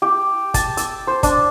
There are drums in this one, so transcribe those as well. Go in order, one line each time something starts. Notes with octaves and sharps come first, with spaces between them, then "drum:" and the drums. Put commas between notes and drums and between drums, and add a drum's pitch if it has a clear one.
G4
A5, drum: kick, hi-hat
E6, drum: hi-hat
C5
D4, drum: kick, hi-hat